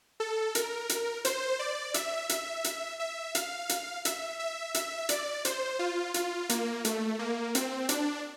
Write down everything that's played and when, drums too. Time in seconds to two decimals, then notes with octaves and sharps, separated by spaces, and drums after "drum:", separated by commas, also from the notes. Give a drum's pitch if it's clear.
0.20 A4
0.55 A#4, drum: hi-hat
0.89 drum: hi-hat
1.25 C5, drum: hi-hat
1.59 D5
1.94 E5, drum: hi-hat
2.29 E5, drum: hi-hat
2.64 drum: hi-hat
3.00 E5
3.35 F5, drum: hi-hat
3.69 drum: hi-hat
4.05 E5, drum: hi-hat
4.39 E5
4.74 E5, drum: hi-hat
5.09 D5, drum: hi-hat
5.45 C5, drum: hi-hat
5.79 F4
6.14 F4, drum: hi-hat
6.49 A#3, drum: hi-hat
6.85 A3, drum: hi-hat
7.19 A#3
7.55 C4, drum: hi-hat
7.89 D4, drum: hi-hat